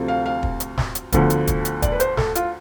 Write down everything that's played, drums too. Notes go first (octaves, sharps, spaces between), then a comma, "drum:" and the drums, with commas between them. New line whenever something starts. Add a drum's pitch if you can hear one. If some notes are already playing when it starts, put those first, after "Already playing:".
Already playing: D2 C3 F3 A3
F5
F5
drum: kick
drum: hi-hat
drum: snare
drum: hi-hat
D2 D3 F3 B3, drum: kick, hi-hat
drum: hi-hat
drum: kick, hi-hat
drum: hi-hat
D5, drum: kick, hi-hat
B4
C5, drum: hi-hat
A4, drum: snare
F4, drum: hi-hat